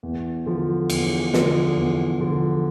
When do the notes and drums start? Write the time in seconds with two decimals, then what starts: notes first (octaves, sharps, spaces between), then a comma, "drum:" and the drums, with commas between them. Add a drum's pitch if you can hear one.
0.03 E2
0.46 D3 F3
0.90 E2, drum: cymbal
1.33 D3 F3, drum: snare
1.76 E2
2.20 D3 F3